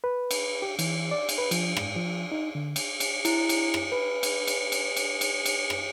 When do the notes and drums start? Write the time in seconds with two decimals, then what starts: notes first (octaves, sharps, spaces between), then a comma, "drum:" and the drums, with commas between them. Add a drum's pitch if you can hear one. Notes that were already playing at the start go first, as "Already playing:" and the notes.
0.04 B4
0.31 drum: cymbal
0.62 G4
0.79 E3, drum: cymbal
1.11 D5
1.29 drum: cymbal
1.38 B4
1.51 F3, drum: cymbal
1.77 G#2, drum: rim click
1.96 F3
2.32 D#4
2.55 D3
2.76 drum: cymbal
3.00 drum: cymbal
3.25 E4, drum: cymbal
3.49 drum: cymbal
3.74 drum: rim click
3.92 B4
4.23 drum: cymbal
4.47 drum: cymbal
4.72 drum: cymbal
4.96 drum: cymbal
5.21 drum: cymbal
5.46 drum: cymbal
5.70 drum: rim click